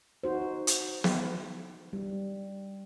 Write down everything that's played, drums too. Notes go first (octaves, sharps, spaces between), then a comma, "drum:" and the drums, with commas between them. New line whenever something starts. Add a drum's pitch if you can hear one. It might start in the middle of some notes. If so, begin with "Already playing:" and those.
D#4 F#4 C5
drum: hi-hat
drum: snare
G3